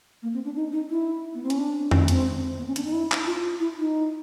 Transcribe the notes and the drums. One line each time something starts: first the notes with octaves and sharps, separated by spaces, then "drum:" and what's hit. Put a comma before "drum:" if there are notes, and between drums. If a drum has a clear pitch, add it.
A#3
C4
D4
D#4
D#4
E4
B3
C4
C#4, drum: hi-hat
D4
C#4, drum: tom F2
C4, drum: hi-hat
B3
C#4
D4, drum: hi-hat
D#4
E4
drum: clap
F4
E4
D#4